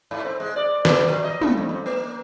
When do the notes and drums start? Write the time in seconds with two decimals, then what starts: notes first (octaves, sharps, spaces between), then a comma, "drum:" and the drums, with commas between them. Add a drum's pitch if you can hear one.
0.11 G#2
0.25 C4
0.40 G#3
0.56 D5
0.85 A#3, drum: snare
1.08 F3
1.24 D#5
1.41 G#3, drum: tom
1.57 F2
1.69 F2
1.86 A#3